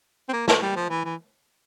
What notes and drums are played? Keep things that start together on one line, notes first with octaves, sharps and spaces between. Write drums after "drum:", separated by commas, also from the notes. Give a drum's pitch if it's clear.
C4
A#3
A3, drum: snare
G3
F3
E3
E3